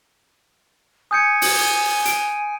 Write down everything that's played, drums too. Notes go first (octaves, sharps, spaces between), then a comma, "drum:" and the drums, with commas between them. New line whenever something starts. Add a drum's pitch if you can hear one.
G#5 D#6 G6 C#7
drum: open hi-hat
D7, drum: hi-hat